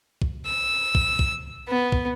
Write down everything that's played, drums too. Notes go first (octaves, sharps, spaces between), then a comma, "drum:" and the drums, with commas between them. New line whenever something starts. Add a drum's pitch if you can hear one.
drum: kick
E6
drum: kick
drum: kick
B3
drum: kick